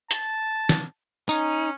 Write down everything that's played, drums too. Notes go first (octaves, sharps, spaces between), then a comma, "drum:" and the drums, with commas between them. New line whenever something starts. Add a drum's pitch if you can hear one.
A5, drum: hi-hat
drum: snare
C#4 D#4, drum: tambourine